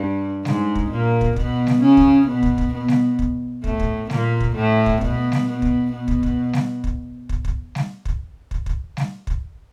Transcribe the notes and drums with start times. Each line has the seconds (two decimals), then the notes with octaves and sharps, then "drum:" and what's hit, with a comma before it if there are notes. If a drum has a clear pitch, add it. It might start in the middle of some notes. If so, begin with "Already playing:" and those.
Already playing: G2 G3
0.45 G#2 G#3, drum: snare
0.75 drum: kick
0.90 A#2 A#3
1.21 drum: kick
1.36 B2 B3, drum: kick
1.67 drum: snare
1.82 C#3 C#4
1.97 drum: kick
2.27 B2 B3
2.43 drum: kick
2.58 drum: kick
2.73 B2 B3
2.88 drum: snare
3.19 drum: kick
3.64 A2 A3, drum: kick
3.80 drum: kick
4.10 A#2 A#3, drum: snare
4.40 drum: kick
4.55 A2 A3
4.86 drum: kick
5.01 B2 B3, drum: kick
5.32 drum: snare
5.47 B2 B3
5.62 drum: kick
5.92 B2 B3
6.08 drum: kick
6.23 drum: kick
6.53 drum: snare
6.84 drum: kick
7.29 drum: kick
7.45 drum: kick
7.75 drum: snare
8.05 drum: kick
8.51 drum: kick
8.66 drum: kick
8.97 drum: snare
9.27 drum: kick